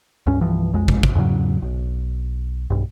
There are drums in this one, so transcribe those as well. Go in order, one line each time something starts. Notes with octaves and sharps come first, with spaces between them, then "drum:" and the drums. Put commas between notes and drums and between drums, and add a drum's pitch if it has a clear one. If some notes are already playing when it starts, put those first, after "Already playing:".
C#2 G2 C#4
C2 G2 E3 F3
B1 F2 G#3
drum: kick
drum: kick
E2 G#2 C#3 F#3
B1
B1 G2